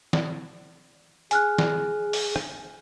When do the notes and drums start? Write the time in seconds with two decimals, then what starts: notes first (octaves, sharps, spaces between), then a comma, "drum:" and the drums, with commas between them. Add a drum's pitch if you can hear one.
0.13 drum: snare
1.31 G#4 G#5 F6 F#6, drum: hi-hat
1.59 drum: snare
2.13 drum: open hi-hat
2.36 drum: rim click